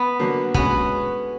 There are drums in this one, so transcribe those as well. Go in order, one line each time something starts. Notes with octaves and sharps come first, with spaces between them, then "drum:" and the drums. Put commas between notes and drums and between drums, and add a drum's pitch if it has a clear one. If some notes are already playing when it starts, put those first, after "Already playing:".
Already playing: B3
D3 F#3 A#3
G#3 B3 C#4 F#4 B4, drum: kick